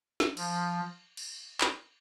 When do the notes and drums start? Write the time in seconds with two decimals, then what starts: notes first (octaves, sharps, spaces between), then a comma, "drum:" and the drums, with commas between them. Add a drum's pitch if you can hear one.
0.20 drum: snare
0.37 F3, drum: cymbal
1.17 drum: cymbal
1.61 drum: clap